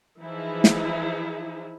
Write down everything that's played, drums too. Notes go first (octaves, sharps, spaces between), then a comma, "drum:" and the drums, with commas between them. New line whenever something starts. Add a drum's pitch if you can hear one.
E3 F3 D#4 E4 G#4
drum: snare